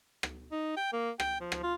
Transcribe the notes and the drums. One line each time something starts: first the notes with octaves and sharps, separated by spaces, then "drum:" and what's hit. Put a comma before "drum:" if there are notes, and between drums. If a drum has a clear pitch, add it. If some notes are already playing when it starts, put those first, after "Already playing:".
drum: rim click
D#4
G5
A#3
G5, drum: rim click
F3
drum: rim click
F4